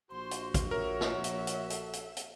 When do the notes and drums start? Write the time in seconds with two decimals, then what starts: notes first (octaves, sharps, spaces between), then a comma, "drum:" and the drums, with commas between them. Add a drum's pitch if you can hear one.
0.11 A#1 F#4 C5 C6
0.31 drum: hi-hat
0.54 drum: kick, hi-hat
0.71 A#4 C#5 E5
1.01 drum: snare
1.24 drum: hi-hat
1.47 drum: hi-hat
1.70 A4, drum: hi-hat
1.93 drum: hi-hat
2.17 drum: hi-hat